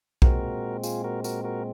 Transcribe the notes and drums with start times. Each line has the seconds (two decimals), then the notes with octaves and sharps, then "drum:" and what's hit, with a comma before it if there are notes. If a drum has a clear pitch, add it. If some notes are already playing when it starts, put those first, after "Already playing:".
0.22 A#2 G#3 C4 F#4 A#4, drum: kick B1
0.83 F4 G#4, drum: tambourine
1.04 F#4 A#4
1.24 F#4 A#4, drum: tambourine
1.44 F#4 A#4